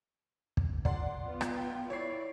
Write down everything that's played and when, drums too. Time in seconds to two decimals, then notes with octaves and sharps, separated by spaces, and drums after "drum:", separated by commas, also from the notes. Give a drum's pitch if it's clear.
0.57 drum: kick
0.85 D5 F#5 C6, drum: kick
1.23 B3 F4
1.41 drum: rim click
1.56 G5
1.90 E4 C#5 D5 C7